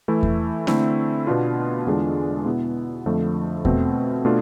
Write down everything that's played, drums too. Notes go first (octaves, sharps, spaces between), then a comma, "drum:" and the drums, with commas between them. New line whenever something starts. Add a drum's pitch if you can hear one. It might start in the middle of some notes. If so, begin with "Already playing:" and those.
E3 A3 E4
drum: kick E2
D3 A3 C4 E4, drum: snare A#3
B2 B3 D4 F4
E2 D3 G#3 D4 F4
B2 B3 E4
F2 D3 F3 A3
B2 A3 C4, drum: kick E2
B2 A3 D4 F4